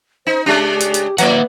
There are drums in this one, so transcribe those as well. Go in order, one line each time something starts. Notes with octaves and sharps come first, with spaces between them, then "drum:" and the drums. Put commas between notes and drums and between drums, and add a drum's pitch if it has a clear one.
D#4 C5
C#3 G#3 D4 G4
drum: hi-hat
drum: hi-hat
F3 A#3 B4 D5 E5 F#5, drum: hi-hat